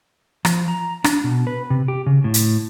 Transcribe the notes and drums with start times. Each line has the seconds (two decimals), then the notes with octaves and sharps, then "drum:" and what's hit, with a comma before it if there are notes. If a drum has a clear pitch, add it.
0.45 F3, drum: rim click
0.68 A#5
1.04 D4, drum: rim click
1.24 B2
1.47 B4
1.70 C3
1.88 G4
2.06 C#3
2.24 A2
2.34 drum: hi-hat